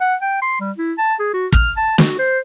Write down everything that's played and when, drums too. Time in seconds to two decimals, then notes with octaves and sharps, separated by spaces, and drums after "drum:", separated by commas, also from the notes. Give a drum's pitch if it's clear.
0.01 F#5
0.21 G5
0.42 C6
0.60 G3
0.78 E4
0.98 A5
1.19 G#4
1.33 F#4
1.52 F6, drum: kick
1.77 A5
1.98 F#4, drum: snare
2.19 C5